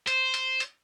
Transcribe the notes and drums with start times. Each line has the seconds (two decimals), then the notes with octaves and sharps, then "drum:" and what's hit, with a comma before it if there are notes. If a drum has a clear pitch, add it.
0.07 C5, drum: hi-hat
0.34 drum: hi-hat
0.60 drum: hi-hat